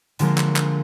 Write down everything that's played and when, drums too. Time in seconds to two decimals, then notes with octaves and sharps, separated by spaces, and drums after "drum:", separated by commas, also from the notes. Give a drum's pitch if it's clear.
0.19 D3 F3 G#3 A#3, drum: hi-hat
0.38 drum: clap
0.56 drum: clap